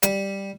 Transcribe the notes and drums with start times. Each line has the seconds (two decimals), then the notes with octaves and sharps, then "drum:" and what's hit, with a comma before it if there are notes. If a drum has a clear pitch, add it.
0.03 G3, drum: hi-hat